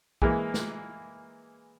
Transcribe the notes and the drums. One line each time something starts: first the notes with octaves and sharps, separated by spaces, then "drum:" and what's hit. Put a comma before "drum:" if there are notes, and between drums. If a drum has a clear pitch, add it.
E3 G#3 A#3, drum: kick
drum: snare